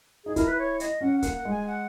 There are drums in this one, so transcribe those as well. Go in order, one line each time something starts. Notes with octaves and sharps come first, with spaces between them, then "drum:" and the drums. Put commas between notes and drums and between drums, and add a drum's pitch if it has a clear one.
D#4 G#4
E4 A#4, drum: kick C#1, hi-hat
B4
C#5
D#5, drum: hi-hat
C#4 F#5
F#5
A#3, drum: kick C#1, hi-hat
F#5
G#3
G#5
F#5